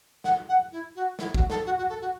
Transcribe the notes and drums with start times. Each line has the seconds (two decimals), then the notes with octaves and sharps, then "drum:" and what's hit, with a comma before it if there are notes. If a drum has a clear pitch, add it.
0.24 F#5, drum: snare
0.49 F#5
0.72 E4
0.95 F#4
1.19 E4, drum: snare
1.34 F#4, drum: kick
1.50 A4, drum: snare
1.66 F#4
1.78 F#4
1.89 A4
2.01 F#4